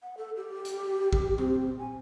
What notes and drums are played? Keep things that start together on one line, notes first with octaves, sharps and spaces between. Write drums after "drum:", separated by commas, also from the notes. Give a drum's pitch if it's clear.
F#5
A4
G4
drum: hi-hat
drum: kick
C4, drum: tom A#2
G#5